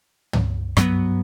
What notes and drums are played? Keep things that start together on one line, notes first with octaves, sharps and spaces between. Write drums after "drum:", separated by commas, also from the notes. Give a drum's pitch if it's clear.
drum: tom
G2 F#3 B3, drum: rim click